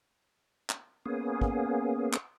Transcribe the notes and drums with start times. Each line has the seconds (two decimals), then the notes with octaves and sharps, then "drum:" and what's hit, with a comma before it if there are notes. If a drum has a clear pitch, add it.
0.70 drum: clap
1.06 A#3 B3 C#4 G#4
1.41 drum: kick
2.13 drum: clap